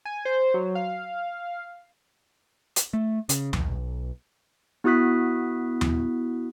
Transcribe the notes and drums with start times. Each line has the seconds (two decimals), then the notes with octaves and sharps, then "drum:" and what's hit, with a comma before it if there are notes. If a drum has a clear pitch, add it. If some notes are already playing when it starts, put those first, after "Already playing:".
0.05 G#5
0.25 C5
0.54 F#3
0.75 F5
2.76 drum: hi-hat
2.93 A3
3.29 C#3, drum: hi-hat
3.53 B1, drum: tom D#2
4.84 B3 E4 F#4 D#6 F#6 B6
5.81 drum: tom D#2